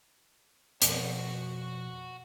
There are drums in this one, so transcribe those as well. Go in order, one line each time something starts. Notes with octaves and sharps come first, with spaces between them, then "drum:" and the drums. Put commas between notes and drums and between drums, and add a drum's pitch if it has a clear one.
F2 B2 F3 F#4 F#5, drum: hi-hat